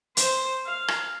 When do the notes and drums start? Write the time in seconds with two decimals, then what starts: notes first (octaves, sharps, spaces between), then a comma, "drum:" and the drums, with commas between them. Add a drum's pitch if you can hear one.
0.17 C5, drum: hi-hat
0.67 F5
0.88 drum: rim click